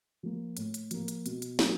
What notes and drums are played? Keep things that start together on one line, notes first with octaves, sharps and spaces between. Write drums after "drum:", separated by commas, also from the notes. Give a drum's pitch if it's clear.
F3 A#3
A2, drum: hi-hat
drum: hi-hat
F3 A#3, drum: hi-hat
drum: hi-hat
B2, drum: hi-hat
drum: hi-hat
F#3 A#3 C#4, drum: snare